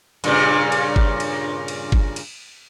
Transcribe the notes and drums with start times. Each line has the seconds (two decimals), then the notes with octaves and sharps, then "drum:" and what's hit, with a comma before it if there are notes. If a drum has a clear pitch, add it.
0.24 G2 A#2 C#3, drum: cymbal
0.72 drum: cymbal
0.96 drum: kick G1
1.20 drum: cymbal
1.68 drum: cymbal
1.92 drum: kick G1
2.16 drum: cymbal